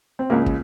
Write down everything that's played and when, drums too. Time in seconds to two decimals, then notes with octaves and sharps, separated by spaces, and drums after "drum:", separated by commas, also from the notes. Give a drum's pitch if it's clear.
0.19 C4
0.30 C#2 C#3 A#3
0.46 drum: kick